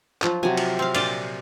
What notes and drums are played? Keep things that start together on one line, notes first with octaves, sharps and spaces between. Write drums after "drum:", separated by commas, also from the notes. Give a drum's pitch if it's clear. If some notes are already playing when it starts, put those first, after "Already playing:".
F3 F#3 F4, drum: clap
C3 F#3 G#5
drum: cymbal
C4 F5
A#2 F4 D5, drum: cymbal